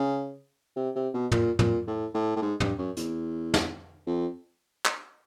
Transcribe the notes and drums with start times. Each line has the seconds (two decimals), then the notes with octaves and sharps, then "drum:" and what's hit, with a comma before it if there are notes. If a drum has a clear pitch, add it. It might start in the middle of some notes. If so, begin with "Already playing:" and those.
Already playing: C#3
0.76 C3
0.95 C3
1.14 B2
1.32 A#2, drum: tom
1.59 A#2, drum: tom
1.87 A2
2.14 A2
2.36 A2
2.42 G#2
2.60 G2, drum: tom
2.78 F#2
2.97 E2, drum: hi-hat
3.54 drum: snare
4.07 F2
4.85 drum: clap